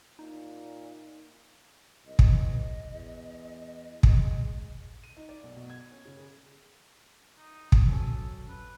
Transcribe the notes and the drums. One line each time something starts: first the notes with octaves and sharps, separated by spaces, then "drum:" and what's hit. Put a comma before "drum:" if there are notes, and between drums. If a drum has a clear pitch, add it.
A#2 D#4
C2 D#5
drum: kick
E2
G#3 D#5, drum: kick
D#7
D#4
D5
B1
B2
G#6
C#4
C#3
G#4
D#4
drum: kick
F#3 C#4 A4
B4